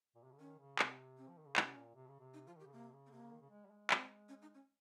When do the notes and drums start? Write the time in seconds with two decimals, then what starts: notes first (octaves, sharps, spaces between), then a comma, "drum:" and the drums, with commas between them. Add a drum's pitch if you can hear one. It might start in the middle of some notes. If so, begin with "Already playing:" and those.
0.16 A#2
0.23 C3
0.32 C#3
0.40 D#3 C#4
0.59 C#3
0.79 C3 C4, drum: clap
1.18 C4
1.28 F3
1.38 D#3
1.47 C#3
1.56 C3 C#4, drum: clap
1.76 A#2
1.95 C3
2.08 C#3
2.20 C3
2.34 D#4
2.47 F3 F4
2.57 D#3 G4
2.65 C#3
2.73 C3 A#3
2.92 C#3
3.07 C4
3.12 C3 A#3
3.22 C#3
3.32 D#3
3.41 C#3
3.50 G#3
3.65 G3
3.71 G#3
3.90 C4, drum: clap
4.29 C#4
4.42 D#4
4.54 C#4